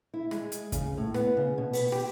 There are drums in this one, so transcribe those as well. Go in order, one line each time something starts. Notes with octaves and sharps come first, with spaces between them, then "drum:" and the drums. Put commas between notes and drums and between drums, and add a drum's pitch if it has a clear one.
E4
G#3, drum: rim click
drum: hi-hat
C#3, drum: kick, hi-hat
A2
B3, drum: rim click
C#3
B2
B3, drum: open hi-hat
G4, drum: rim click